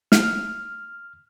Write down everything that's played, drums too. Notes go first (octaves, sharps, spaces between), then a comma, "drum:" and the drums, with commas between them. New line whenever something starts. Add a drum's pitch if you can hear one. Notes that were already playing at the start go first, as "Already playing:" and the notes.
F6, drum: snare